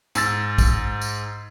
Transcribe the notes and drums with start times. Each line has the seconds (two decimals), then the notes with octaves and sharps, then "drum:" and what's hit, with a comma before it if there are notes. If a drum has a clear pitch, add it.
0.15 G#2 E6 A6, drum: tambourine
0.58 drum: kick A#1, tambourine
1.02 drum: tambourine